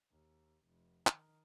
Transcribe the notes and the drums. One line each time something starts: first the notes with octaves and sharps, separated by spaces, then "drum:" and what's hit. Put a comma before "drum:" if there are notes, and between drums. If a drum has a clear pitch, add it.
D#2
F1
D#3, drum: clap